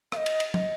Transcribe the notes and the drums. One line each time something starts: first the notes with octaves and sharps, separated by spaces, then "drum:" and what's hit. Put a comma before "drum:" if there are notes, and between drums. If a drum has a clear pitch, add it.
F5, drum: rim click
D#5
drum: cymbal
drum: cymbal
D#5, drum: tom